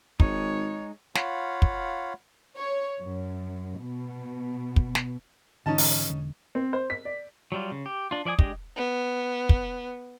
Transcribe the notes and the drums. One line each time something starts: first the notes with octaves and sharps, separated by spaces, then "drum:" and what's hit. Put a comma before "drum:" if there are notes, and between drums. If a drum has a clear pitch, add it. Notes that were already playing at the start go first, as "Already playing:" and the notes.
G#1 G#3 D#4 C#5, drum: kick
F4 C#5 F5 F#5 B5, drum: snare
drum: kick
C#5
F#2
B2
drum: kick
drum: snare
G#2 D3 E3 C#4 D#4 A5
drum: open hi-hat
E1 D3
C4
C5
B6
D5
F#3 G3 F4
C#3
G4
D4 F4
F3 D5 E5 G#5 D#6
G#3 D4 G4 D#5, drum: kick
B3
drum: kick